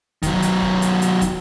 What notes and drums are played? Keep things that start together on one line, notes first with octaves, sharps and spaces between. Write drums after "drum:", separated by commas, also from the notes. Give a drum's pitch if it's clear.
D#3 F#3, drum: kick, hi-hat
drum: hi-hat
drum: kick
drum: hi-hat
drum: hi-hat
drum: kick, hi-hat